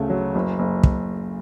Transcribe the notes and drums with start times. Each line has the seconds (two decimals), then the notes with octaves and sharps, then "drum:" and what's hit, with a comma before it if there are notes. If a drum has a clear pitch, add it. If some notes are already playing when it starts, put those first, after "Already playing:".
Already playing: D2 C#3 A3
0.10 F#3
0.35 F#1
0.59 F#1
0.83 drum: kick